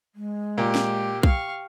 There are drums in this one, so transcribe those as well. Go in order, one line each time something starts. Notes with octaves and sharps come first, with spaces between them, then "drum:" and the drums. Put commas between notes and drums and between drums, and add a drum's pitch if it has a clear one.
G#3
A#2 G4
drum: snare
F5 G5 C#6, drum: kick B1